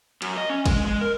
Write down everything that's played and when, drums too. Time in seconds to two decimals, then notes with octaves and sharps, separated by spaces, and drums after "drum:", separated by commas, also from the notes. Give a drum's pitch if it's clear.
0.22 F#2, drum: cymbal
0.37 D#5
0.49 C#4
0.66 G#3, drum: kick, cymbal
0.85 G#3
1.01 A#4